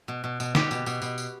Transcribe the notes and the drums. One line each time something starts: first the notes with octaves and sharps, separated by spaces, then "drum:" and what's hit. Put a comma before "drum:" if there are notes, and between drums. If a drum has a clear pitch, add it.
B2
B2
B2, drum: tambourine
B2 G4, drum: snare
B2, drum: tambourine
B2, drum: tambourine
B2, drum: tambourine
drum: tambourine